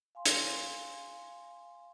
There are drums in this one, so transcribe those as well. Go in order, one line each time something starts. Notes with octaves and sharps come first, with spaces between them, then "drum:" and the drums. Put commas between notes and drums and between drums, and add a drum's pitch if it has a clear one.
F5 G#5 C6
drum: hi-hat